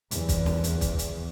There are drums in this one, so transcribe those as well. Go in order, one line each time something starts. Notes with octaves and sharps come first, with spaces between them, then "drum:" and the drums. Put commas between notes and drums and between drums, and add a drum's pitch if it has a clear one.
E2, drum: hi-hat
drum: kick, hi-hat
drum: snare
drum: hi-hat
drum: kick, hi-hat
drum: hi-hat